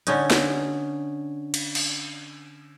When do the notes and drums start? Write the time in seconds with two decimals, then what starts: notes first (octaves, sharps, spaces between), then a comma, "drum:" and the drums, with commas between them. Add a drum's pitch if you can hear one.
0.07 D3 C#4 D#4, drum: hi-hat
0.30 drum: snare
1.54 drum: cymbal
1.75 drum: cymbal